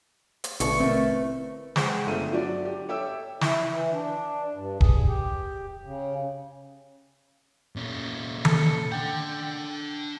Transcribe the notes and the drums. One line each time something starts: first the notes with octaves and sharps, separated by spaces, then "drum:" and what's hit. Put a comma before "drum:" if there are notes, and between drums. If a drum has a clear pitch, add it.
drum: hi-hat
A1 B2 D3 E3 C#6, drum: hi-hat
A3 C4 A#4
G#3 G#4 C5 F#5 G5, drum: snare
G1 A3 B3 D4 E5 D#7
F#3 D4 F#4 D5
G4
A4 C#5 E5 G5 D6 E6
E4, drum: snare
E3
D4
G2
G#4, drum: kick
G4
C#3
A#2 C#4
A4, drum: tom D#3
D4 F#5 G5